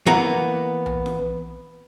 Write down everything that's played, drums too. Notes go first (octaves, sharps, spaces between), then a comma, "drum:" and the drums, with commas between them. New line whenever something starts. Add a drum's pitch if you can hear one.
E3 A#3 B3 F#5 A#5
drum: tom B1
drum: snare F4